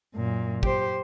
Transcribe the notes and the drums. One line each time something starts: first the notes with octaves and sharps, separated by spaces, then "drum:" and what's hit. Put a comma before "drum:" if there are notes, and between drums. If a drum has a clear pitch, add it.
F#2 A#2
G4 C5, drum: kick